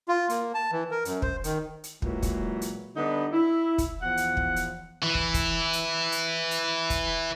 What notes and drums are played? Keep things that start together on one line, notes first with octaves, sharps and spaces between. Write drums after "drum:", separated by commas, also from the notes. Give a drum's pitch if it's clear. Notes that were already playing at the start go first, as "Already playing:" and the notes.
F4
A#3, drum: hi-hat
A5
E3
A#4
F#2, drum: hi-hat
C5, drum: kick
D#3, drum: hi-hat
drum: hi-hat
A#2 E3 F#3 G#3, drum: kick
drum: kick, hi-hat
drum: hi-hat
D3 G3 B3 D4 D#4
E4
drum: kick, hi-hat
E2 F3 F#5
drum: hi-hat
drum: kick
drum: hi-hat
E3 E4
drum: kick
drum: kick, hi-hat
drum: hi-hat
drum: hi-hat
drum: hi-hat
drum: kick, hi-hat